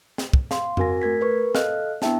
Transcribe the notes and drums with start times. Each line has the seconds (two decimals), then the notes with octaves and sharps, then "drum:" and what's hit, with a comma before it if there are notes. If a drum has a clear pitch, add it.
0.18 drum: snare
0.33 drum: kick
0.51 F5 C6, drum: snare
0.77 C4 F#4 A#4 G#5 A#6, drum: tom F2
1.02 A3 A#4 G#6 B6
1.21 A#4 B4 C#6
1.55 A4 D#5 F5 F6 F#6, drum: snare
2.02 B3 D4 E4 E5 G5 A5, drum: snare